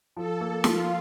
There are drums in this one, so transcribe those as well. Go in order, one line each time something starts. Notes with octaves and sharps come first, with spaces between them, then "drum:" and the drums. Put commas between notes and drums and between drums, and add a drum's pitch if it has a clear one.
F3 A4
A#3
F3 F4, drum: snare